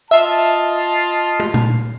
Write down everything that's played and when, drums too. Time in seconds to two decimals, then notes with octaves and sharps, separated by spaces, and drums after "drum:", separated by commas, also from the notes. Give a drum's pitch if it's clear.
0.11 F4 D#5 E5 A5
1.40 drum: tom
1.54 drum: tom A#2